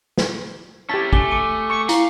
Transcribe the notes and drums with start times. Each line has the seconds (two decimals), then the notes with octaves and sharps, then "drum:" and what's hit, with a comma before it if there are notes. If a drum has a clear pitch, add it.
0.18 drum: snare
0.89 C#4 E4 G4 A5 B6
1.13 A3 G#5 D6 G7, drum: kick
1.31 D6 C#7 D#7
1.70 C#6
1.89 E4 F5, drum: hi-hat